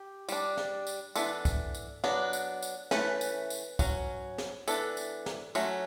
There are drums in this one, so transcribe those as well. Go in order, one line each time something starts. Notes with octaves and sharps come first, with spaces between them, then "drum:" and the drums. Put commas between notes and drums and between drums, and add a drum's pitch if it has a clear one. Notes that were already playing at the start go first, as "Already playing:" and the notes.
Already playing: G4
G3 D4, drum: tambourine
drum: snare
drum: tambourine
E3 B3 D4 A4, drum: tambourine
drum: kick, tambourine
drum: tambourine
F#3 B3 D4, drum: snare
drum: tambourine
drum: tambourine
E3 A3 C#4 B4, drum: snare
drum: tambourine
drum: tambourine
F#3 C#4, drum: kick, tambourine
drum: snare
E3 B3 D4 A4, drum: tambourine
drum: tambourine
drum: snare
F#3 A3 C#4, drum: tambourine